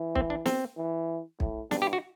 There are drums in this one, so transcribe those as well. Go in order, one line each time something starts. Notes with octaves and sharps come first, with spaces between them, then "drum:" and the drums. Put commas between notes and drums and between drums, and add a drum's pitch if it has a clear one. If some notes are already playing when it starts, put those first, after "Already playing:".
Already playing: E3
C4, drum: kick B1
D4
C4, drum: snare
E3
A2, drum: kick B1
G2 D4, drum: snare
G4
F#4